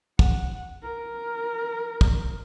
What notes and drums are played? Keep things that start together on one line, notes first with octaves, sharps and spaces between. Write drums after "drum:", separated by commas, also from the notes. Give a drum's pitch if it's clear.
F#5, drum: kick
A#4
drum: kick